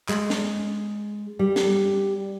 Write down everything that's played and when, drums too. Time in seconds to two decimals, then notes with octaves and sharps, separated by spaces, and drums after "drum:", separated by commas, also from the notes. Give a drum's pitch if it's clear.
0.09 G#3, drum: clap
0.30 drum: snare
1.39 G3
1.56 drum: snare